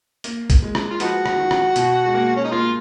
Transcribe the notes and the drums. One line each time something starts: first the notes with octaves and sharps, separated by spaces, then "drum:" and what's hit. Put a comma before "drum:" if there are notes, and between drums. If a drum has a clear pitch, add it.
A#3, drum: hi-hat
drum: kick, hi-hat
G#3
drum: rim click
F4
F3 B3 D#4 F#4, drum: hi-hat
drum: rim click
D#3
drum: rim click
B2, drum: hi-hat
G#3
A#3
C#4
D#4
A#3 F4